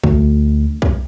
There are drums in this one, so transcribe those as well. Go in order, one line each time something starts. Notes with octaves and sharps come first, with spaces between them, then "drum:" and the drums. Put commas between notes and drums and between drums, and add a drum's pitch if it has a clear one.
D2, drum: kick B1
drum: kick B1